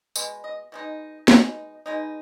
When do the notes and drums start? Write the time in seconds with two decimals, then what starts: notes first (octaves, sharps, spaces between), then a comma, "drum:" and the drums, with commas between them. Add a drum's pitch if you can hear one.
0.16 B2 G#3, drum: tambourine
0.44 D#5
0.72 B2 G#3 D#4
1.28 B2 G#3 D#4, drum: snare
1.86 B2 G#3 D#4